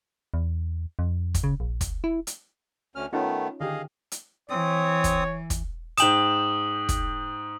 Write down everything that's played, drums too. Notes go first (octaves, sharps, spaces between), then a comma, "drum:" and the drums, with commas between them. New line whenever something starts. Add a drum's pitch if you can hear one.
E2
F2
drum: kick, hi-hat
C#3
A#1
drum: kick, hi-hat
E4
drum: hi-hat
D2 C#4 F6
D#3 A3 B3 C#4 D#4 F4
D3 D#3 G4 G#4 D#5 F5
drum: hi-hat
E3 C4 C#5 D#6
drum: kick, hi-hat
drum: kick, hi-hat
G#2 G5 D#6 E7 F#7, drum: hi-hat
drum: kick, hi-hat